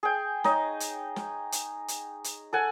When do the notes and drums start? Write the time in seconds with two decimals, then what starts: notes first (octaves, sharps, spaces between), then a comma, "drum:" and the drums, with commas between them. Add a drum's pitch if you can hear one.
0.03 G#4 G5
0.44 D#4 C#5 D#5, drum: snare
0.80 drum: hi-hat
1.16 drum: snare
1.52 drum: hi-hat
1.88 drum: hi-hat
2.24 drum: hi-hat
2.53 A4 F#5 G#5